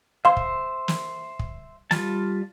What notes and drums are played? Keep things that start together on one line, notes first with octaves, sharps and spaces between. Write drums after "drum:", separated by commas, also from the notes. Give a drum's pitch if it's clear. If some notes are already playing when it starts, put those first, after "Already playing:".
C5 E5 F5 C6
drum: kick
drum: snare
drum: kick
G3 F4 A5, drum: snare